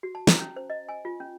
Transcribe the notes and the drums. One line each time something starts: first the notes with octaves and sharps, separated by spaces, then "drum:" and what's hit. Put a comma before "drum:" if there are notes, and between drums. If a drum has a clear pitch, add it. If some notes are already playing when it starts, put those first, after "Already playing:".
F#4
A5
A#5, drum: snare
C#4
C5
D#5
G#5
F4
C#4